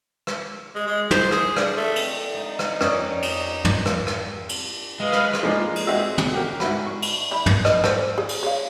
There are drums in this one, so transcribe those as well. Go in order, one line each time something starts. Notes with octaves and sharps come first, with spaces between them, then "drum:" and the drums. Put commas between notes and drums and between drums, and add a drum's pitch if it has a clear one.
drum: rim click
G#3
G#3
C5, drum: tom
G#4, drum: rim click
D4, drum: rim click
A3
drum: cymbal
G#3 D#4
drum: rim click
F2 C#4 D5 C#6 D#6, drum: rim click
drum: cymbal
drum: tom
drum: rim click
drum: rim click
drum: cymbal
G#3 B4 F5
drum: rim click
drum: rim click
F3 G#3 A#3 D4 D#4
drum: cymbal
G#3 C4 D#4 F#4 E5 E6
drum: tom
F#4 G4 A#4
G#2 E4 F#4 B5, drum: rim click
C#6
drum: cymbal
E3 E4
B3, drum: tom
D#5, drum: rim click
A4 C5 D5, drum: rim click
G#4
drum: cymbal
C#5 F5